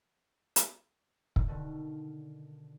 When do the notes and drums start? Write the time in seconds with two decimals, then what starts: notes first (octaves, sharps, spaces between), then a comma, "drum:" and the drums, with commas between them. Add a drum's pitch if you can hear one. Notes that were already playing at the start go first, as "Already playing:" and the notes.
0.56 drum: hi-hat
1.36 drum: kick
1.48 B2 D3 D#3